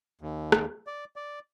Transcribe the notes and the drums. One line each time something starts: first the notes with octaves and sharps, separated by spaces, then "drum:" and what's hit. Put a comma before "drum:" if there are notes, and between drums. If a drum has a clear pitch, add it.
D#2
drum: rim click
D5
D5